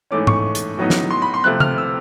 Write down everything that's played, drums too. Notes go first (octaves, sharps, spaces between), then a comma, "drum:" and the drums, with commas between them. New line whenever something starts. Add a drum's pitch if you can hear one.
G#2 E3 A3 C#4 D6
C#6, drum: tom
drum: hi-hat
A2 F#3 B3 D#4
drum: snare
C6
B5
C6
C3 F3 A3 C4 F#6
F6, drum: tom
E6